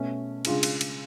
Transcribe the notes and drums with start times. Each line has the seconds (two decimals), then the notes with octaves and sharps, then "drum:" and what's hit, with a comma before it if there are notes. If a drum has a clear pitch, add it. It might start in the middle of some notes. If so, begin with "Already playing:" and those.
Already playing: B2 A3 C#4
0.45 C#3 G#3 D4 F4 G#4, drum: cymbal
0.63 drum: cymbal
0.81 drum: cymbal